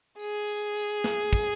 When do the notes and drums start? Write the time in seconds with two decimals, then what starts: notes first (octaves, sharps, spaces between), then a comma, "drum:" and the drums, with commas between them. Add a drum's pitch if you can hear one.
0.19 G#4, drum: tambourine
0.47 drum: tambourine
0.76 drum: tambourine
1.04 drum: snare
1.33 drum: kick, tambourine